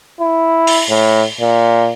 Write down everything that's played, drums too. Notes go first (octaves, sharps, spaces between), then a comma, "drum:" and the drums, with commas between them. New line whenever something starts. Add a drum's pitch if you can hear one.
E4
drum: open hi-hat
A2
A#2